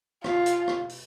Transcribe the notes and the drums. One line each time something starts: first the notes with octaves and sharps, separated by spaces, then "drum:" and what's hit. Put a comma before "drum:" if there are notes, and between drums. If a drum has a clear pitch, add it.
F4, drum: rim click
drum: hi-hat
drum: rim click
drum: open hi-hat